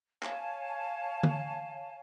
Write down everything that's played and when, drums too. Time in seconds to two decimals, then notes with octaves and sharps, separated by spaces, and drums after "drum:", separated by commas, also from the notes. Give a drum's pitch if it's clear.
0.23 C#5 F5 G#5 A5, drum: clap
1.23 drum: tom